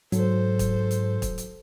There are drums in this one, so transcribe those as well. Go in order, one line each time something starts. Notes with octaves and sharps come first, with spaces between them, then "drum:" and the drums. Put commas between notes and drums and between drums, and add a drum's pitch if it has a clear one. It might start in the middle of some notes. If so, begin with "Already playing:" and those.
G#2 F#3 A4 C5, drum: hi-hat
drum: kick, hi-hat
drum: hi-hat
drum: kick, hi-hat
drum: hi-hat